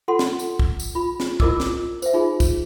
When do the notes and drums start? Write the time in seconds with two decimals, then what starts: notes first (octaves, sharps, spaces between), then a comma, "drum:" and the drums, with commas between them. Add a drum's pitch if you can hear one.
0.08 F4 A4 F#5 C6
0.19 drum: snare
0.39 drum: tambourine
0.59 drum: kick
0.80 drum: tambourine
0.95 F4 B5
1.20 drum: snare
1.40 E4 F4 A#4 D#5 D6 E6, drum: kick
1.60 drum: snare
2.02 C5 E5, drum: tambourine
2.14 D#4 F4 G#4
2.40 drum: kick, tambourine